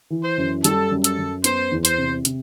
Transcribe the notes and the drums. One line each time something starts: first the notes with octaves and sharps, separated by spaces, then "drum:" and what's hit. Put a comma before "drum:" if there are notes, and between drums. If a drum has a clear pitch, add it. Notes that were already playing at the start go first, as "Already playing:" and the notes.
E3
C5
F#2
G3 A4, drum: hi-hat
F#2
A4, drum: hi-hat
F#2
B3 C5, drum: hi-hat
E2
C5, drum: hi-hat
C3
C3, drum: hi-hat